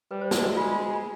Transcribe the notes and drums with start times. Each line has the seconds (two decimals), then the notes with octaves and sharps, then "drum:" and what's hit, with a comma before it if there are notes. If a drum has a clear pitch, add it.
0.11 G3 B4
0.21 C5
0.31 B4, drum: snare
0.41 G#3 F#4
0.57 F4
0.72 F4